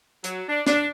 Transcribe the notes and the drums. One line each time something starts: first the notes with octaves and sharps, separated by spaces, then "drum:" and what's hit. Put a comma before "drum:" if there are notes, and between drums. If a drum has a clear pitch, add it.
F#3, drum: hi-hat
D4
D4, drum: snare